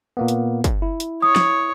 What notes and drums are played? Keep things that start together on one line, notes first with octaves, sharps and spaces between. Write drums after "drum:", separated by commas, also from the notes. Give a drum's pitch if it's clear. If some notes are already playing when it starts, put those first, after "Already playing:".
A#2 A#3 B3
drum: hi-hat
drum: kick, hi-hat
E4
drum: hi-hat
C#5 D#6
drum: snare